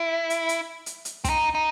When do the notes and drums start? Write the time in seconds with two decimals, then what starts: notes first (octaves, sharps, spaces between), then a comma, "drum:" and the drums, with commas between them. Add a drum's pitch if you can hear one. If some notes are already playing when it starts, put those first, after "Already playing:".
Already playing: E4
0.30 drum: hi-hat
0.49 drum: hi-hat
0.86 drum: hi-hat
1.05 drum: hi-hat
1.24 C4, drum: kick, hi-hat
1.30 D#4
1.55 D#4